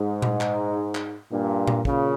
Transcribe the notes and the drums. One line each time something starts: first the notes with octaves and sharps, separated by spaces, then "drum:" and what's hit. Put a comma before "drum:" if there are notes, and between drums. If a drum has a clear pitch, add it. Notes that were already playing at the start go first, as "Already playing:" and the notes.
Already playing: G#2
drum: tom A#2
drum: clap
drum: clap
G2 A#2
drum: tom A#2
A#2 C#3, drum: kick